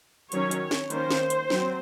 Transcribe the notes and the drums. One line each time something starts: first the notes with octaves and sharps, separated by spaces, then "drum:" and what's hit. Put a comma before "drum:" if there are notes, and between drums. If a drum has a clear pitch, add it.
D#3 F#3 C#4 C#5, drum: hi-hat
drum: hi-hat
drum: snare
D#3 A#3 C#4 C5, drum: hi-hat
drum: snare
drum: hi-hat
F#3 C4, drum: snare